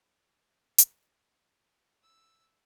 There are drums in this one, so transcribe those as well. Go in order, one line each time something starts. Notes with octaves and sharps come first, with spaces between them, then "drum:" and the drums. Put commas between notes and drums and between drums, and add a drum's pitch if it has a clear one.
drum: hi-hat
E6